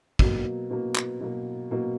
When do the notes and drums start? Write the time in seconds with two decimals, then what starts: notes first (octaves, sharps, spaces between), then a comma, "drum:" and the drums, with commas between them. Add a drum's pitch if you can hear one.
0.19 B2 F#3 A#3, drum: kick
0.71 B2 F#3 A#3
0.95 drum: clap
1.21 B2 F#3 A#3
1.71 B2 F#3 A#3